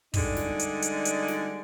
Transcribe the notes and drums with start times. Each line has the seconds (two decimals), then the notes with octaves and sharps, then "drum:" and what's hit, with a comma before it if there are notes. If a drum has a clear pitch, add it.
0.14 D3 G3 G#3 D#4, drum: kick, open hi-hat
0.37 drum: snare
0.59 drum: hi-hat
0.82 drum: hi-hat
1.05 drum: hi-hat
1.28 drum: snare